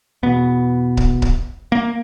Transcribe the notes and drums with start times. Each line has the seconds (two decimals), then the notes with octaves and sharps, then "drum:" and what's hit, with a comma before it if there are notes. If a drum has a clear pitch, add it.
0.23 E2 B2 B3
0.97 drum: kick C#1
1.22 drum: kick C#1
1.72 A#3